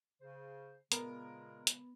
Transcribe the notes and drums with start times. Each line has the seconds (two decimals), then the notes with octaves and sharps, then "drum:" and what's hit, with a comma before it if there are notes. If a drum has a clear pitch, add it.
0.21 C#3 C5
0.92 A#2 C#3 G#3 B3 A#4, drum: hi-hat
1.67 drum: hi-hat